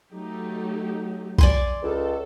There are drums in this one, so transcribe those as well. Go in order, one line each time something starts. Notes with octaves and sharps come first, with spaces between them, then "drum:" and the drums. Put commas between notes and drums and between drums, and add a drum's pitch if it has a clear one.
F#3 A3 D#4 G4
D5 G#5 C6, drum: kick
C#2 A4